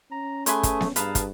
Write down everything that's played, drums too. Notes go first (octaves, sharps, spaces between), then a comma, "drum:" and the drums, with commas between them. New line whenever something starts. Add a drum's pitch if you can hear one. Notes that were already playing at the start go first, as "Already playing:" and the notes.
C#4 A#5
A3 G#4 B4 G#5 C6, drum: hi-hat
drum: kick, hi-hat
drum: snare B3
G2 G#4 B4 F5 A5 A#5, drum: hi-hat
drum: kick, hi-hat